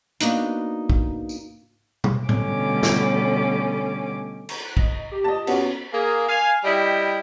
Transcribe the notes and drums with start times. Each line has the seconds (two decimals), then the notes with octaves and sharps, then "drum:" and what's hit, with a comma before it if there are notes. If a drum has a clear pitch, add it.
0.20 A#3 B3 D4 D#4 F#4, drum: hi-hat
0.90 drum: kick
1.29 drum: tambourine
2.04 drum: tom
2.29 B2 D3 G3 A3 C#4 D6, drum: tom A2
2.83 drum: snare
4.49 drum: cymbal
4.64 F#6
4.77 D#5, drum: kick
5.12 G4
5.24 D#5 A5
5.47 B3 C#4 F#4, drum: cymbal
5.92 A#3 G#4
6.28 F5 G#5
6.64 G3 E4 D#5 G5